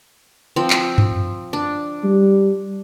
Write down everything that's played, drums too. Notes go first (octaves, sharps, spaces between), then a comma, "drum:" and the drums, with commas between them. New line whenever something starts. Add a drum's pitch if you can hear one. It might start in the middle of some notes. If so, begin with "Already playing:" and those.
F3 C4
drum: clap
drum: tom F#2
D4
G3